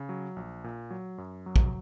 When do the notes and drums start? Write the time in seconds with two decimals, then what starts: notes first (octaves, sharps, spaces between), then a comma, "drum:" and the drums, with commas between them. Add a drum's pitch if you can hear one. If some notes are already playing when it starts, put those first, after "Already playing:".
Already playing: C#3
0.09 F#3
0.36 A#1
0.64 A#2
0.91 F#3
1.18 F#2
1.46 F#3
1.56 drum: kick